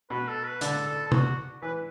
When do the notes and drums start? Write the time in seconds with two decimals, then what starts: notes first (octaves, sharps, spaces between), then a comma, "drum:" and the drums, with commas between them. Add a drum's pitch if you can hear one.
0.10 B2 B4
0.27 A4
0.44 B4
0.61 D3 A4, drum: hi-hat
0.86 A4
1.06 A4
1.12 F#4, drum: tom C3
1.62 E3 B4